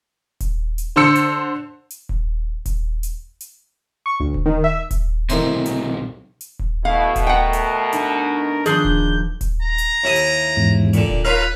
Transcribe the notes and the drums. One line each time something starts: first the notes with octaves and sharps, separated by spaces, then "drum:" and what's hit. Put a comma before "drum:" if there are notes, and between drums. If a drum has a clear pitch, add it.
drum: kick D#1, hi-hat
drum: hi-hat
D3 C5 A5 E6 C#7
drum: hi-hat
drum: hi-hat
drum: kick D#1
drum: kick D#1, hi-hat
drum: hi-hat
drum: hi-hat
C#6
D2
drum: kick D#1
D#3
E5
drum: kick D#1, hi-hat
B1 A2 C3 D#3 C5, drum: hi-hat
drum: hi-hat
drum: hi-hat
drum: kick D#1
B2 A3 E4 F5
drum: kick D#1, hi-hat
A#4 F#5 G5
drum: hi-hat
D4 D#4, drum: hi-hat
D#3 F3 B3 D4 G#4 G6, drum: hi-hat
drum: kick D#1
drum: kick D#1, hi-hat
A#5
drum: hi-hat
D#2 E4 D#6
drum: hi-hat
E2 G#2
A#2 D3, drum: hi-hat
drum: kick D#1
D#4 F4 A#4 B4 C#5 F5 B5